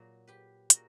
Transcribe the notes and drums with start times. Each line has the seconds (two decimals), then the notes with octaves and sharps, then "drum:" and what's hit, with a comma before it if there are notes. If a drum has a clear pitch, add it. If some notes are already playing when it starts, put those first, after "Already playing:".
Already playing: A#2 F#3 F#4 A#4
0.27 G4 B4
0.70 A#2 F#4 A#4, drum: hi-hat